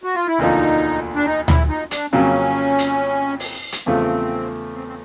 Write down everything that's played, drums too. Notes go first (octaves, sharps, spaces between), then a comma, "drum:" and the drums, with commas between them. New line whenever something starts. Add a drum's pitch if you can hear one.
F#4
F4
E4
E1 D2 D3 F3 A#3 D#4
D4
D#4
E4, drum: tom D2
D#4
D4, drum: hi-hat
F2 C#3 F#3 A#3 C#4
drum: hi-hat
drum: open hi-hat
drum: hi-hat
E2 C#3 F3 A3 C4
C4
C4